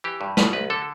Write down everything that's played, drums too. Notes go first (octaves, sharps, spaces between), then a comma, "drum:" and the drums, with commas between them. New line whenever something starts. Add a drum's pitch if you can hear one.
E3 G4
G2
B2 B4, drum: snare
C2 B4
D3 A4